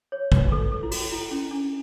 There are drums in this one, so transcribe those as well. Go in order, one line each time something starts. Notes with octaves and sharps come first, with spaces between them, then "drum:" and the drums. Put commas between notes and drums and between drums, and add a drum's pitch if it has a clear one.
C#5
B4, drum: kick
A4
A4
E4
F#4, drum: open hi-hat
E4
C#4
D4